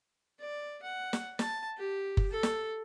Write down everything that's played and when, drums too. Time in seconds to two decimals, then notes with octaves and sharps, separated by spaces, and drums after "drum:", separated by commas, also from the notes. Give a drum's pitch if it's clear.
0.39 D5
0.83 F#5
1.13 drum: snare
1.39 A5, drum: snare
1.77 G4
2.17 drum: kick F#1
2.31 A4
2.43 drum: snare